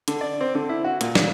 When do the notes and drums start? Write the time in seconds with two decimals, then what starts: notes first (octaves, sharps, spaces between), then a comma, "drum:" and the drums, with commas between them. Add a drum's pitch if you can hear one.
0.08 D3, drum: hi-hat
0.21 D5
0.41 C4
0.55 D3
0.69 E4
0.84 F#4
1.01 A#2, drum: hi-hat
1.15 D5, drum: snare